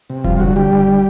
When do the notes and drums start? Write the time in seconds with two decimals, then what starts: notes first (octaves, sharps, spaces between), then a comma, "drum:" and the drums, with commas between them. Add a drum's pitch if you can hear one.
0.10 C3
0.24 G2 F3 F4, drum: kick E1
0.37 F4
0.40 D3 F#3 F#4
0.56 D3 G3 G4
0.72 G2
0.88 D3